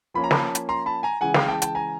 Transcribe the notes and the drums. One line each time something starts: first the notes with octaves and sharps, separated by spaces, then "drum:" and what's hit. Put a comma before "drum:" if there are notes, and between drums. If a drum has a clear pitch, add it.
F3 A#3 C#4 B5
A#5
A5 B5, drum: snare
drum: hi-hat
A#5 C6
A5 B5
G#5 A#5
C#3 E3 G#3 F#5 G#5
F5 G5, drum: snare
G5 A5
G5 A5, drum: hi-hat
G#5 A#5